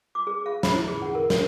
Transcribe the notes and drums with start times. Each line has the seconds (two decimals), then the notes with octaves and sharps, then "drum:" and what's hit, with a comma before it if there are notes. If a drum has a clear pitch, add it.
0.15 D6
0.27 G#4
0.46 F5
0.63 B5, drum: snare
0.74 E4
0.88 G#4
1.02 F#5
1.15 A#4
1.30 A#4, drum: snare